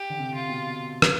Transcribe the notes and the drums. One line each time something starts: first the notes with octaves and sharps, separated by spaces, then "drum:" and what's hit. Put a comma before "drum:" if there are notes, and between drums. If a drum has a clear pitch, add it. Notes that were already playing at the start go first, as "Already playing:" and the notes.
Already playing: G4
D3
C3
F4
B2
drum: rim click